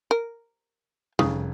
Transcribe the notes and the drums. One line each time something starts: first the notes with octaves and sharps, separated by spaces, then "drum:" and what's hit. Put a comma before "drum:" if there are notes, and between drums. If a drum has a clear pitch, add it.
A#4
F1 C#3, drum: tom